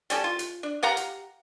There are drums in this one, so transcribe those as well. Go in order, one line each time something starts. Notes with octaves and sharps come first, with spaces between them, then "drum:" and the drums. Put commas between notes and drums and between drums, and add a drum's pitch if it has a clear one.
G3 C#4 G4 A4, drum: hi-hat
F4
drum: hi-hat
D4
G4 F5 F#5 A#5
drum: hi-hat